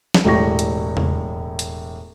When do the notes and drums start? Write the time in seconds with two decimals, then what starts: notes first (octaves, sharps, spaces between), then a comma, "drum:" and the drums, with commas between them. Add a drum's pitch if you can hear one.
0.14 drum: snare
0.25 E1 A2 G4 C#6 A#6
0.59 drum: hi-hat
0.97 drum: tom E2
1.59 drum: hi-hat